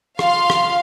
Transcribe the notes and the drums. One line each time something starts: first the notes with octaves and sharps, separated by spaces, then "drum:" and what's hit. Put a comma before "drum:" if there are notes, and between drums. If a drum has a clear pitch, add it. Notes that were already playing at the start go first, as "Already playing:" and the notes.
F4 F5 C6, drum: rim click
drum: rim click